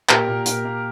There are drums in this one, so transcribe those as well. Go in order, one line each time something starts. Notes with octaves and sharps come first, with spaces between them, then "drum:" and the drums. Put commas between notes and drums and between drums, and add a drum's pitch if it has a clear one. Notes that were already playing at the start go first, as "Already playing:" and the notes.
A#2 G4 A#4, drum: clap
A#2
A#2, drum: hi-hat
A#3